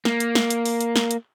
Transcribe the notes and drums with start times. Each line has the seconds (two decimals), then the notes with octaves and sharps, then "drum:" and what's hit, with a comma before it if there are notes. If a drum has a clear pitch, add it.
0.05 A#3, drum: snare
0.20 drum: hi-hat
0.35 drum: snare
0.50 drum: hi-hat
0.66 drum: open hi-hat
0.81 drum: hi-hat
0.96 drum: snare
1.11 drum: hi-hat